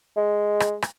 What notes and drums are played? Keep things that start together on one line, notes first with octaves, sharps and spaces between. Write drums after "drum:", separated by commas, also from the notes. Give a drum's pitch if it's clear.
G#3
drum: rim click
drum: rim click